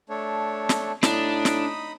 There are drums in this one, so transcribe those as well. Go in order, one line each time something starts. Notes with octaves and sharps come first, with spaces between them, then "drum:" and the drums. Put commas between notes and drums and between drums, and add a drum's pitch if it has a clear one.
A3 D4 C#5
drum: snare
A2 D4 D#4 B5 D#6, drum: snare
drum: snare